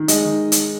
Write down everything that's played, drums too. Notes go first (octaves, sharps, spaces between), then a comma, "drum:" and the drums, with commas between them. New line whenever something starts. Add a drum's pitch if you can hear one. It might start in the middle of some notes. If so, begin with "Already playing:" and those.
Already playing: D#3
G#3 D#5, drum: hi-hat
D#3
drum: hi-hat